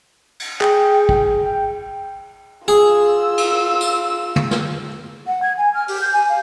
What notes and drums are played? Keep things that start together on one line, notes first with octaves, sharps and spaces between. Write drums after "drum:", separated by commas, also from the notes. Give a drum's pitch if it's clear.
drum: cymbal
G#4 G5, drum: clap
drum: kick
G5
F4 G#4 E6
drum: cymbal
drum: tambourine
drum: tom
drum: snare
F#5
G#6
G#5
F6
G4, drum: open hi-hat
G6
G#5
F5